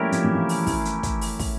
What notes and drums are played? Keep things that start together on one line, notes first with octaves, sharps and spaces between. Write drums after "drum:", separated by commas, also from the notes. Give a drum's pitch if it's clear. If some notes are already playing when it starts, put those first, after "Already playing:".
Already playing: F3 G3 A3 A#3 C#4 E4 G4 A#4
F3, drum: hi-hat
E3
F3
drum: open hi-hat
E3, drum: kick, open hi-hat
drum: hi-hat
drum: kick, hi-hat
drum: open hi-hat
drum: kick, open hi-hat